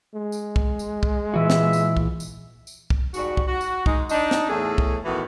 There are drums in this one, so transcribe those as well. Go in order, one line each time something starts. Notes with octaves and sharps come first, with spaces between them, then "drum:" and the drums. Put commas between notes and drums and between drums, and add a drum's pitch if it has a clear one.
G#3
drum: tambourine
drum: kick
drum: tambourine
drum: kick
A#2 E3 F#4 E5
drum: snare
drum: tambourine
drum: kick
drum: tambourine
drum: tambourine
drum: kick
G#2 G3 F#4, drum: tambourine
drum: kick
F#4
drum: tambourine
G#3 D#4, drum: kick
D4 D#4, drum: tambourine
drum: snare
E2 A2 A3 G#4 A4
drum: kick
A2 D#3 E3 B3 F#4